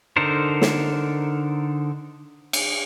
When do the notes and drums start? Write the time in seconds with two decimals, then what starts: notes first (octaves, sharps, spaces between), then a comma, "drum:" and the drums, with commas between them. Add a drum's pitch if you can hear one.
0.17 D3 D#4 A4 A#4 C5
0.61 drum: snare
2.53 drum: cymbal